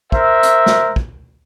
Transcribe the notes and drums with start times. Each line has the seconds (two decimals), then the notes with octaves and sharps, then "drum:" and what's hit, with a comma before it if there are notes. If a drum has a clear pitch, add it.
0.12 A#4 C5 E5, drum: kick
0.43 drum: hi-hat
0.66 drum: snare
0.96 drum: kick